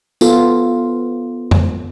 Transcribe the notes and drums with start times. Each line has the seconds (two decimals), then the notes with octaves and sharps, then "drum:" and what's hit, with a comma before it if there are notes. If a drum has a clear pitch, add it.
0.21 B3 F4 A4, drum: tambourine
1.51 drum: tom F2